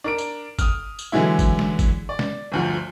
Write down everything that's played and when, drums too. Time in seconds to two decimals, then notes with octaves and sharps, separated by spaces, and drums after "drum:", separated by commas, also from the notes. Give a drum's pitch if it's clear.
0.04 D4 A#4 D7
0.18 drum: tambourine
0.59 D#6 F6, drum: kick, tambourine
0.99 drum: tambourine
1.12 D3 E3 F#3 G#3 E4
1.39 drum: kick, tambourine
1.59 drum: snare
1.79 drum: kick, tambourine
2.09 D5
2.19 drum: snare
2.52 G1 D2 F3